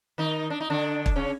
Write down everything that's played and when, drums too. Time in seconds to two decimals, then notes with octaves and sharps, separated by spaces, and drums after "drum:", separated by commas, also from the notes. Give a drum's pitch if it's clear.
0.18 D#3 D#4
0.50 D4
0.61 D#4
0.70 D3 D4
1.06 drum: kick
1.16 C#3 C#4